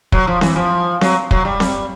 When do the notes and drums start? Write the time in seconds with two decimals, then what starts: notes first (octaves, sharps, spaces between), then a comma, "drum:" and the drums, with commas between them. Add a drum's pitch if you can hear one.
0.12 F#3, drum: kick
0.27 F3
0.41 E3, drum: snare C4
0.56 F3
1.01 F#3, drum: snare C4
1.31 F#3, drum: kick
1.45 G3
1.60 drum: snare C4